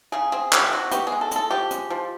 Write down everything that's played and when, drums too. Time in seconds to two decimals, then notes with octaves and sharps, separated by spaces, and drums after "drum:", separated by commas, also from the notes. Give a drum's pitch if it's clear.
0.12 C#3 G#4
0.32 C4 G#4
0.52 C3 G4, drum: clap
0.72 C4 F#4
0.91 B3 G4, drum: hi-hat
1.07 G#4
1.12 G#3
1.21 A4
1.31 G#3 A4, drum: hi-hat
1.51 F3 G4
1.71 G#3, drum: hi-hat
1.90 F3